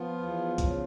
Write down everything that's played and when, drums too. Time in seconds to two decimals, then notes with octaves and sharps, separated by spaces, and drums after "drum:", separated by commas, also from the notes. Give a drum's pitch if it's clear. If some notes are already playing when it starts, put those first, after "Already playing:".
Already playing: F3 B3 F4
0.18 E2
0.58 C#3, drum: kick B1, hi-hat